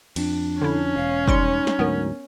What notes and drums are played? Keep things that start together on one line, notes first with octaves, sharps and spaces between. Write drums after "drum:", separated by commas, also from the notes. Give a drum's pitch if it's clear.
F2 D4, drum: cymbal
D3 C#4 E4
E1 F5
G3 D#4 C6 C#7, drum: kick
drum: snare
D2 G#2 F#3 B3 A#4